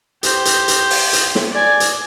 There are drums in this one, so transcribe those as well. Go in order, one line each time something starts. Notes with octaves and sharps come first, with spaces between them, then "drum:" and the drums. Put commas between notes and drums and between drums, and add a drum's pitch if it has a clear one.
G4 C5, drum: hi-hat
drum: hi-hat
drum: hi-hat
drum: open hi-hat
drum: hi-hat
drum: snare
D5 G#5
drum: hi-hat